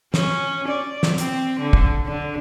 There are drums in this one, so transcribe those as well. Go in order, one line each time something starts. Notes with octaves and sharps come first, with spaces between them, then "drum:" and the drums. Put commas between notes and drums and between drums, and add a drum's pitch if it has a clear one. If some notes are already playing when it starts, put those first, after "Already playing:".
C#4, drum: snare
D5
drum: snare
C4, drum: hi-hat
D3
drum: kick
D3